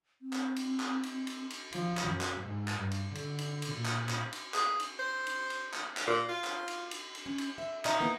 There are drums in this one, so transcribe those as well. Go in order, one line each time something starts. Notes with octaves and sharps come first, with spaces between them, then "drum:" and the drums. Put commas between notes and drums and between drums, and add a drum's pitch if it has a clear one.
C4
drum: clap
drum: cymbal
drum: clap
drum: cymbal
drum: cymbal
drum: cymbal
F3, drum: cymbal
drum: clap
F#2
drum: clap
G#2
drum: clap
G2
drum: cymbal
D3, drum: cymbal
drum: cymbal
drum: cymbal
A#2
drum: clap
drum: clap
drum: cymbal
G#4, drum: clap
drum: cymbal
C5
drum: cymbal
drum: cymbal
drum: clap
drum: clap
A#2
F4
drum: clap
drum: cymbal
drum: cymbal
drum: cymbal
C#4
drum: cymbal
E5
D#4 E5, drum: clap
A#3 B3 E4